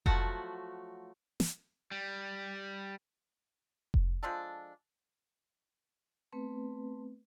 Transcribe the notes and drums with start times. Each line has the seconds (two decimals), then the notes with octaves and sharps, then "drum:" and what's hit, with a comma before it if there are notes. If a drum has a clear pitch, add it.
0.06 F3 F#3 A3 F#4 F#5, drum: kick F1
1.40 drum: snare
1.91 G3
3.94 drum: kick F1
4.23 F3 G#3 D4 A4
6.33 A3 B3 C4 B4